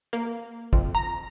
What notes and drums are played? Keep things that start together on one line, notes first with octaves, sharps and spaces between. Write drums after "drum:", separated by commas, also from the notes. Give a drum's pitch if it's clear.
A#3
F2, drum: kick
A#5